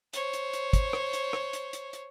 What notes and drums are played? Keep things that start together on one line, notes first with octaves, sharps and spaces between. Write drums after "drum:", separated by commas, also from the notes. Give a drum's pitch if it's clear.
C5 C#5, drum: hi-hat
drum: hi-hat
drum: hi-hat
drum: kick, hi-hat
drum: rim click
drum: hi-hat
drum: rim click
drum: hi-hat
drum: hi-hat
drum: hi-hat